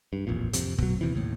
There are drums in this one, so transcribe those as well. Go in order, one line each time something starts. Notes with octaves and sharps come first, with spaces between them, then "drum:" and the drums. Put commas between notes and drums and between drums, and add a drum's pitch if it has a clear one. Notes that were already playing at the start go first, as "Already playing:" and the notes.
G2
D#1 A1 F2 A#2
F2 C3, drum: hi-hat
B2 F#3, drum: kick
D#2 C3 E3
D#2 A2